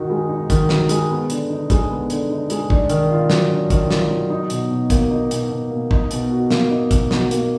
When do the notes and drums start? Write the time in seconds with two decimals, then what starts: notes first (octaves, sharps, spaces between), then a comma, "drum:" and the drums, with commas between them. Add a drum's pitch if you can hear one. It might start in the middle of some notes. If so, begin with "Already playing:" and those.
Already playing: D#3 D#4 F#4
0.10 G#3
0.29 D#4
0.50 D#3, drum: kick, hi-hat
0.69 F#4, drum: snare
0.89 G#3, drum: hi-hat
1.09 B3
1.30 D3, drum: hi-hat
1.50 D#4
1.70 G#3, drum: kick, hi-hat
1.89 B3
2.10 D3, drum: hi-hat
2.30 D#4
2.50 G#3, drum: hi-hat
2.70 D4, drum: kick
2.90 D#3, drum: hi-hat
3.11 F4
3.30 F#3, drum: snare
3.50 D4
3.70 D#3, drum: kick, hi-hat
3.91 F4, drum: snare
4.11 F#3
4.30 D#4
4.50 B2, drum: hi-hat
4.70 B2
4.90 A#3, drum: kick, hi-hat
5.11 D#4
5.31 B2, drum: hi-hat
5.50 B2
5.70 A#3
5.91 D#4, drum: kick
6.11 B2, drum: hi-hat
6.31 F#4
6.51 A#3, drum: snare
6.71 D#4
6.91 B2, drum: kick, hi-hat
7.11 F#4, drum: snare
7.31 A#3, drum: hi-hat